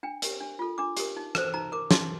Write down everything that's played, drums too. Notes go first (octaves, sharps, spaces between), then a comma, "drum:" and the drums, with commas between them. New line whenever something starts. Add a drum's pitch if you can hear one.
D4 G5
G4 A#4, drum: hi-hat
D4
F4 A4
D4 D6
G4 A#4, drum: hi-hat
D#4
A4 C5, drum: rim click
D#4 A#5
A#4 D6
D#4 C6, drum: snare